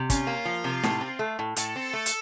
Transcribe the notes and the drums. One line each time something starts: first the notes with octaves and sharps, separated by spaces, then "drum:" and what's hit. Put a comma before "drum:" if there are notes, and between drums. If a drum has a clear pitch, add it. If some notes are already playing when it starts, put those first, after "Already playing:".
Already playing: C3
C#4 F4, drum: kick, hi-hat
A#3
F3
C3
A2, drum: snare
C4
A3
A2
A2 A4, drum: hi-hat
C4
A3
drum: hi-hat